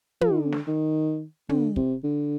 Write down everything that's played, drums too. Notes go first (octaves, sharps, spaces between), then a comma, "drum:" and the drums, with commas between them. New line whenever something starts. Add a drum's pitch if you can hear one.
F3, drum: tom
D#3
D3
drum: snare
D#3
D3, drum: tom
C3, drum: kick
D3